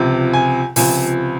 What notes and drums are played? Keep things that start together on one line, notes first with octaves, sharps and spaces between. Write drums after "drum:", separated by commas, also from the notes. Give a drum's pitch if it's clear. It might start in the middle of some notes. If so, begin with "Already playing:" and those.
Already playing: C#2 C3 F3
G#5
C#2 C3 F3 G#5, drum: open hi-hat